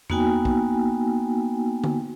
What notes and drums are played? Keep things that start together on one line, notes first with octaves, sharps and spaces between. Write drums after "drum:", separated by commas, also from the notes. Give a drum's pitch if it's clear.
A#3 B3 D#4 F#4 G5 G#5, drum: tom E2
drum: kick
drum: tom D3